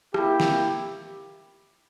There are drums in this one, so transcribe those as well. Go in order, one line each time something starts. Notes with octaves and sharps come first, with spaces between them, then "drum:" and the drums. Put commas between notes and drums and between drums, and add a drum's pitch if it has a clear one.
A#3 E4 G4, drum: rim click
drum: snare